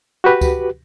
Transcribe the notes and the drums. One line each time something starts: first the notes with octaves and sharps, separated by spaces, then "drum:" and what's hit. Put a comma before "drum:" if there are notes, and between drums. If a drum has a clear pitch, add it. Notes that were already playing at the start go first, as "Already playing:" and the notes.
F#4 G4 B4
drum: kick C#2, tambourine